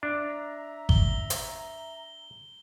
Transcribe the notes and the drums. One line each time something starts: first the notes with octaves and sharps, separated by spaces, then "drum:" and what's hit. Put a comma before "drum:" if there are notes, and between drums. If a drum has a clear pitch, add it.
D4 E5 A#5
G7, drum: kick G#1
drum: hi-hat